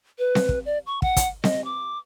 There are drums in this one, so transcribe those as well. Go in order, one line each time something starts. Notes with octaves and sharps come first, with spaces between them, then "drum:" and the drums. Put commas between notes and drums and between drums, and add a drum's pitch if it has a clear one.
B4
drum: snare C4
drum: kick
D5
C#6
F#5, drum: kick
drum: kick, hi-hat
D#5, drum: snare C4
D6